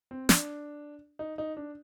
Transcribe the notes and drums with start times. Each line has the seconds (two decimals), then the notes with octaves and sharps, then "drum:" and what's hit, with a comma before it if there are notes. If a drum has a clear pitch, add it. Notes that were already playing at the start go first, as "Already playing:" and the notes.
0.11 C4
0.29 D4, drum: snare
1.19 D#4
1.38 D#4
1.57 D4